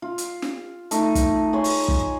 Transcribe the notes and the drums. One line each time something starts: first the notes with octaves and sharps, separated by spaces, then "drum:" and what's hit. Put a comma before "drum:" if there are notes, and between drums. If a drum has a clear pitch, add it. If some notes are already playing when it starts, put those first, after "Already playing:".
F4
drum: hi-hat
drum: snare
A3 D#4, drum: hi-hat
drum: kick, hi-hat
G#4 C#5 C6 C#6
drum: open hi-hat
drum: kick